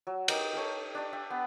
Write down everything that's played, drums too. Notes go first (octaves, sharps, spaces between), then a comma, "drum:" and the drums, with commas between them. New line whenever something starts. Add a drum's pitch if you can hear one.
F#3
D#4 G4 A#4 D#5, drum: cymbal
G4 A4 C#5
D4 D5
G4 E5
B3